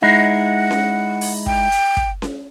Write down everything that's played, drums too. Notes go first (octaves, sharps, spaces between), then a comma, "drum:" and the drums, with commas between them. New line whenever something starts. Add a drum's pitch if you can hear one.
G#3 D#4 E4 F#5
drum: snare C#4
drum: open hi-hat
G5, drum: kick
drum: hi-hat
drum: kick
drum: snare C#4